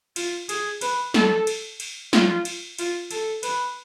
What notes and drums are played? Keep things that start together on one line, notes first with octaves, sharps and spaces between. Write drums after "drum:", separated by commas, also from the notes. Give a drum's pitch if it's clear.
F4, drum: cymbal
G#4, drum: cymbal
B4, drum: cymbal
A4, drum: snare
drum: cymbal
drum: cymbal
F4, drum: snare
drum: cymbal
F4, drum: cymbal
A4, drum: cymbal
B4, drum: cymbal